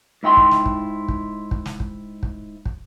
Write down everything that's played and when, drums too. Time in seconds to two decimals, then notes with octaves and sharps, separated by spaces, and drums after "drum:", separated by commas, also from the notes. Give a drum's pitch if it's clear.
0.23 G#2 E4 G5 C6
0.37 drum: kick
0.51 drum: snare
0.66 drum: kick
1.08 drum: kick
1.51 drum: kick
1.66 drum: snare
1.80 drum: kick
2.23 drum: kick
2.65 drum: kick